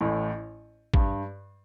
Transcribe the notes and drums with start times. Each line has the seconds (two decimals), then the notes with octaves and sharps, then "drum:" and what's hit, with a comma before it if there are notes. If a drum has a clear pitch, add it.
0.01 A1 A2
0.94 G2, drum: kick G#1